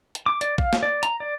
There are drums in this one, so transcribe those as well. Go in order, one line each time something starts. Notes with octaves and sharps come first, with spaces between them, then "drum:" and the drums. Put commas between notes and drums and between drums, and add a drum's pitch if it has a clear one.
drum: hi-hat
D6
D5, drum: hi-hat
F5, drum: kick
drum: snare
D5
A#5, drum: hi-hat
D5